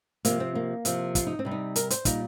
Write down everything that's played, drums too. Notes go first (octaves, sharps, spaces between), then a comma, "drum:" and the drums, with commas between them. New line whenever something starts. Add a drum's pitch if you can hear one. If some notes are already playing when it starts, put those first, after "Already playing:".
C3 F3 A#3, drum: hi-hat
C4
A#3
C3 F3, drum: hi-hat
F4, drum: kick, hi-hat
D#4
C4
C3 G3
D#4
A#4, drum: hi-hat
C5, drum: hi-hat
A#2 G3 D#4, drum: kick, hi-hat